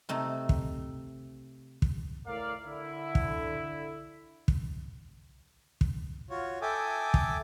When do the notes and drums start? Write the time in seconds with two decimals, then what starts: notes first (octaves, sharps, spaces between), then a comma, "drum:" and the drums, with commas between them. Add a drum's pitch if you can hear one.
0.09 C3 A3 D#4
0.49 drum: kick
1.82 drum: kick
2.26 A2 A#4 D5 F5
2.65 D3 E4
3.15 drum: kick
4.48 drum: kick
5.81 drum: kick
6.30 F4 F#4 C#5
6.62 A4 E5 G5 G#5 D6 D#6
7.14 drum: kick